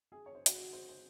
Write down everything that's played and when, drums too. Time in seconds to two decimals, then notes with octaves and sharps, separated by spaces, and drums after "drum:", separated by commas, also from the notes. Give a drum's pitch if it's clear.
0.12 G#4
0.26 C#5
0.35 C5
0.46 F#4, drum: hi-hat
0.59 F#4
0.73 C5
0.89 C5